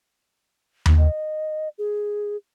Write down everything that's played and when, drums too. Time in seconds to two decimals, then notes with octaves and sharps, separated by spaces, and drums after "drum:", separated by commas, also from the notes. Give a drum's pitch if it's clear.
0.86 drum: tom D#2
0.98 D#5
1.78 G#4